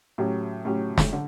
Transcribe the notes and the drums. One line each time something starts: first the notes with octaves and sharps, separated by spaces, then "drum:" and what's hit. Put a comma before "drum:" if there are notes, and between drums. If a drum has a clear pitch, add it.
A2 F#3 C#4 G4
A2 F#3 C#4 G4
drum: snare
D3